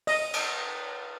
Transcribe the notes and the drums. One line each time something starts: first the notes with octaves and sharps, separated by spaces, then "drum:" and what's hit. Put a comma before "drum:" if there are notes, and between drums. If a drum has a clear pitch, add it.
D#5, drum: open hi-hat
drum: cymbal